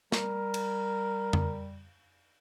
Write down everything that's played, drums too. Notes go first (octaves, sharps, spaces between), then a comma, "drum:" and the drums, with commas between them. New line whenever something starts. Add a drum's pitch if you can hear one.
G3 A#4, drum: snare
drum: cymbal
drum: tom F2